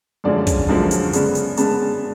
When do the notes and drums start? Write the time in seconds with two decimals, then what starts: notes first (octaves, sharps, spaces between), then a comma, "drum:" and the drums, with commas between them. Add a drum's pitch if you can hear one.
0.24 F#2 D3 F3 G#3 C#4 D5
0.47 drum: kick, hi-hat
0.69 F#2 D3 F3 G#3 C#4
0.91 drum: hi-hat
1.13 C#3 G#3 B3 D4, drum: hi-hat
1.35 drum: hi-hat
1.57 C#3 G#3 B3 D4 A5, drum: hi-hat